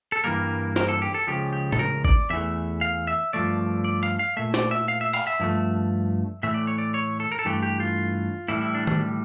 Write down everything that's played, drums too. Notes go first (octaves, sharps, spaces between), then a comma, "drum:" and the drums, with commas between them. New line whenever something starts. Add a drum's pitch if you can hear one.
A4
G2 E3 G3 A#3 A#4
A#4, drum: snare
A4
G4
A4
C#2 C#3 F3 G4
G4
A4, drum: tom A2
A#4
D5, drum: kick G#1
E2 E3 A3 E5
F5
E5
G2 F3 A3 D5
D5
F5, drum: hi-hat
F5
A#2 A3 E5
D5, drum: snare
E5
F5
E5
F5, drum: open hi-hat
E5
G2 F3 A3
A2 E3 A3 E5
D5
C#5
D5
C#5
A4
A#4
A4
G2 E3 A3 G4
G4
F4
A2 E3 G3 E4
E4
D4
D4, drum: tom D#3